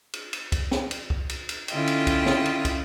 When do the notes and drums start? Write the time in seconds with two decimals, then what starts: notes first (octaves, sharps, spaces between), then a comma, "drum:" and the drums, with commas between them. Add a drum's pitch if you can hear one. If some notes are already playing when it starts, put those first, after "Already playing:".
0.13 drum: cymbal
0.33 drum: cymbal
0.52 drum: kick, cymbal
0.71 drum: snare
0.91 drum: cymbal
1.10 drum: kick
1.29 drum: cymbal
1.49 drum: cymbal
1.68 D3 C#4 E4 F4 D#5 G5, drum: cymbal
1.87 drum: cymbal
2.07 drum: kick, cymbal
2.26 drum: snare
2.45 drum: cymbal
2.65 drum: kick, cymbal